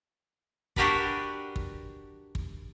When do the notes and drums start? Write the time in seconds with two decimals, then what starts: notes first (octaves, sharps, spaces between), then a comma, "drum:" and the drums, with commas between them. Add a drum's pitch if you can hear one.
0.76 D4 F#4 G4 A#4 B4 D5, drum: kick
1.56 drum: kick
2.35 drum: kick